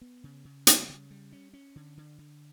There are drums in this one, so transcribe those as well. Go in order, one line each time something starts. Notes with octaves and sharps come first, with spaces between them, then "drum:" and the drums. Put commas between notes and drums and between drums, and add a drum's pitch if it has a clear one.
B3
C#3
C#3
G3, drum: hi-hat
C#3
G3
C#4
C#4
D3
D3
D3